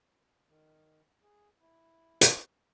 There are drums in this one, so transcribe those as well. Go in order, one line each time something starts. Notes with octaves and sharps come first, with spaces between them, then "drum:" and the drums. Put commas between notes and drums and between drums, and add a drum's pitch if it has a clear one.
D#3
G#4
E4
drum: hi-hat